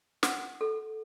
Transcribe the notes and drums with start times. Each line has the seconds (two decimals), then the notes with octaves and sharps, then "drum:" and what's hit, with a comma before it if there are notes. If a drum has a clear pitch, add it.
0.23 F#5, drum: snare
0.61 A4